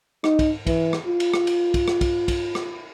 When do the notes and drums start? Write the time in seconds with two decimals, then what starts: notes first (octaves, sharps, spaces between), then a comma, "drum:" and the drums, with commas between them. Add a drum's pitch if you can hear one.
0.24 D#4, drum: rim click
0.39 drum: kick, cymbal
0.67 E3, drum: kick, cymbal
0.93 drum: rim click
1.07 F4
1.20 drum: cymbal
1.34 drum: rim click
1.47 drum: cymbal
1.74 drum: kick, cymbal
1.88 drum: rim click
2.01 drum: kick, cymbal
2.28 drum: kick, cymbal
2.55 drum: rim click